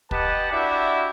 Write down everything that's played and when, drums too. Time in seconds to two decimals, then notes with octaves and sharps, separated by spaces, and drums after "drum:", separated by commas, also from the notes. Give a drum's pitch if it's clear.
0.11 G4 B4 D#5 F#5 A5, drum: kick
0.51 D4 E4 F#4 G4 D5 E5